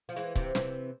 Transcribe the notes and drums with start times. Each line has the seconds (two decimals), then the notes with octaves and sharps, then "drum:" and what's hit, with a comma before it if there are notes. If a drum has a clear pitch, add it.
0.09 F3
0.16 E3 G#3
0.35 C3 E3, drum: kick
0.55 C3 E3, drum: snare